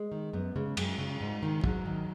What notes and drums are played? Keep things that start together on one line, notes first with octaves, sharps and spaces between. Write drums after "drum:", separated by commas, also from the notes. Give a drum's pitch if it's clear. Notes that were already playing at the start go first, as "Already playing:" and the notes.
Already playing: G#3
D#3
F#2 B3
C#3 G#3
F#2, drum: cymbal
C#3
G#2
D#3
G#2 F#3, drum: kick
D#3